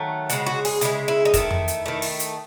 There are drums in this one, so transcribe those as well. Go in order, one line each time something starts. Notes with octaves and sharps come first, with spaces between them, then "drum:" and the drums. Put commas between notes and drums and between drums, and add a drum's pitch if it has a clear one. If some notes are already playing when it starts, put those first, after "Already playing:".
Already playing: D#3 F#3 A3
C#3 G#3 F#4, drum: hi-hat
F#4
G#4, drum: open hi-hat
C#3 G#3 E4, drum: hi-hat
E4
D#4
D#3 A3 E4, drum: kick, hi-hat
drum: tom F2
drum: hi-hat
D#3 A3
drum: open hi-hat
drum: hi-hat